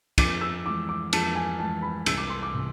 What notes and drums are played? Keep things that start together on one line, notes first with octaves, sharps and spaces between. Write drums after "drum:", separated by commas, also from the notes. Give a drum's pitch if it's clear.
F2 D6, drum: kick, cymbal
E6
E3 G#3 D6
D6
F2 A5, drum: cymbal
G#5
E3 G#3 A5
B5
C2 E6, drum: cymbal
D6
C6
D6
C3 E3